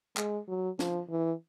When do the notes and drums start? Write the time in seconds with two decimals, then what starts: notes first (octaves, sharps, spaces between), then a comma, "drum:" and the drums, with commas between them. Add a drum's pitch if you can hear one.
0.17 G#3, drum: clap
0.48 F#3
0.79 F3, drum: snare
1.10 E3